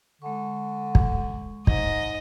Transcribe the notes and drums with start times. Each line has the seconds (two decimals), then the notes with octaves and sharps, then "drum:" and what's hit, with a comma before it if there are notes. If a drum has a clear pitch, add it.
0.22 D3 G#3 C#6
0.95 drum: kick
1.67 G#2 D#5, drum: kick